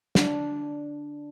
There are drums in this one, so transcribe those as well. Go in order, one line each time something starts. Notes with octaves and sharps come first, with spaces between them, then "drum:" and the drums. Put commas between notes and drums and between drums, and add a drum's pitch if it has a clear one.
D4, drum: snare